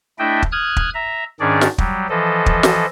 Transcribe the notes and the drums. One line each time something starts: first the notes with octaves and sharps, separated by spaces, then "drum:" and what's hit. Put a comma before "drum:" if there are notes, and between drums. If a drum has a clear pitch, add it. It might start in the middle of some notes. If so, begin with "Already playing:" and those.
A3 D4 E4 D#5 E5 G5
drum: kick
D#6 F6 F#6 G#6
drum: kick
E5 A#5
G#2 D#3 C#4 D4 G#4 D5
drum: snare
F#3 G3, drum: kick
E3 F3 A4 D#5
drum: kick
drum: snare